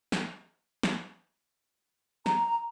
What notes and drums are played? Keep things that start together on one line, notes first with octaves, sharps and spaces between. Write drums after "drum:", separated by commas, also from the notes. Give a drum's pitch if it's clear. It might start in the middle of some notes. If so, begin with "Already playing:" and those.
drum: snare
drum: snare
A#5, drum: snare